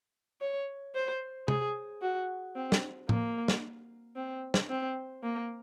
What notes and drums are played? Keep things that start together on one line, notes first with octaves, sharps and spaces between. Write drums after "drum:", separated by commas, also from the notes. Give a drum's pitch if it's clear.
C#5
C5
G#4, drum: tom
F#4
C4
drum: snare
A#3, drum: tom A2
drum: snare
C4
drum: snare
C4
A#3